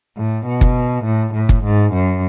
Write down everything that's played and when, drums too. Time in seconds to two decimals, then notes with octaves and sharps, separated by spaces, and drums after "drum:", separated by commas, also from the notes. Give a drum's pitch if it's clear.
0.17 A2
0.46 B2
0.61 drum: kick
1.05 A2
1.34 A2
1.49 drum: kick
1.64 G#2
1.93 F#2